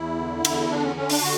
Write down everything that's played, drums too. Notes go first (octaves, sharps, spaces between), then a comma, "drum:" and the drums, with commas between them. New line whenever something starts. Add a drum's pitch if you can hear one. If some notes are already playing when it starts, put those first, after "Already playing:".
Already playing: E2 E4
D3
E2, drum: cymbal
D3 D4
C#4
D3 C#4
D4, drum: open hi-hat
D3 F#4